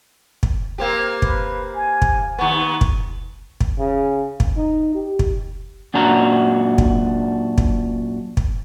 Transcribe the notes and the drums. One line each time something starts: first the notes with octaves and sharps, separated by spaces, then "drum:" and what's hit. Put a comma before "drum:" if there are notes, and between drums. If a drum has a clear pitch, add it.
drum: kick
A#3 C4 G4
B4, drum: kick
G#5
drum: kick
D#2 B3 C#6
drum: kick
drum: kick
C#3
drum: kick
D#4
G4
drum: kick
F#2 A#2 D4 F#4 A#5
drum: kick
drum: kick
drum: kick